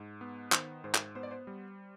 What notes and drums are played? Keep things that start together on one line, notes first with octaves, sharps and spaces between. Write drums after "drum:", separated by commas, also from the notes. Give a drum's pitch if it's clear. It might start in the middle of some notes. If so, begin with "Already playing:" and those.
Already playing: G#2
B3
D#3 C5, drum: clap
G#2 C5
drum: clap
B3 C5
D5
C5
G3